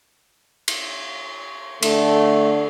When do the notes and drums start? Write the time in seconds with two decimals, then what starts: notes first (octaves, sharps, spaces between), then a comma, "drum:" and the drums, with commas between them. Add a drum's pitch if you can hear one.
0.68 drum: cymbal
1.83 D3 A3, drum: cymbal